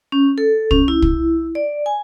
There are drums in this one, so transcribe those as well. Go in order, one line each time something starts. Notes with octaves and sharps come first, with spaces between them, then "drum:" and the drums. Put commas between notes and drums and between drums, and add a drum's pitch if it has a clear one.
C#4
A4
C#4, drum: kick
E4
drum: kick
D5
G#5